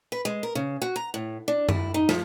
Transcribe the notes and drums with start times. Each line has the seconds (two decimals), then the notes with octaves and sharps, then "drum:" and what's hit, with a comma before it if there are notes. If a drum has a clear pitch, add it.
0.12 B4
0.25 G#3
0.43 A#4
0.55 C#3
0.82 F#4
0.96 A#5
1.14 A2
1.48 D4
1.69 E4, drum: tom F#2
1.94 D#4
2.09 F3, drum: snare